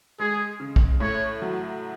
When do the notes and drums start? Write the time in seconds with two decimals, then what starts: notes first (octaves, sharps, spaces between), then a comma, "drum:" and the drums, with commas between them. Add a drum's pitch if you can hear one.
0.19 G#3 G#4
0.60 C#3
0.76 drum: kick B1
1.00 A2 C#5
1.42 F#3